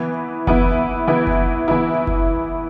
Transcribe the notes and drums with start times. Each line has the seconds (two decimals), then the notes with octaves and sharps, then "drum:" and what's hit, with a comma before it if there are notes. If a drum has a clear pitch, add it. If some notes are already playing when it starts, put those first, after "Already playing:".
Already playing: E3 B3 E4
0.47 E3 B3 E4, drum: kick F#1
1.07 E3 B3 E4
1.27 drum: kick F#1
1.68 E3 B3 E4
2.07 drum: kick F#1